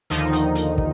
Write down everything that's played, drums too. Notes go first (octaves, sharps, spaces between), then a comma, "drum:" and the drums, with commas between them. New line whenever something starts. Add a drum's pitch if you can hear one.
D#2 D3 D#3 F3 D#4, drum: hi-hat
drum: hi-hat
drum: hi-hat
drum: kick